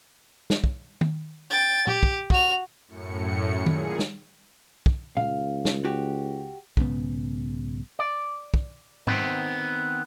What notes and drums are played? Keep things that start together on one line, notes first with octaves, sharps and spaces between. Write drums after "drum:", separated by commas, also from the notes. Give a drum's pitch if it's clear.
drum: snare
drum: kick
drum: tom
G5 A6
G4, drum: tom
drum: kick
F#4 F7, drum: kick
F#2 A2 C#7
A#2 G#4, drum: tom
drum: snare
drum: kick
C#2 F5, drum: tom
drum: snare
F#4 G4
B1 G#2 C#3 B3, drum: kick
D5
drum: kick
D#3 B3 C4, drum: tom G#2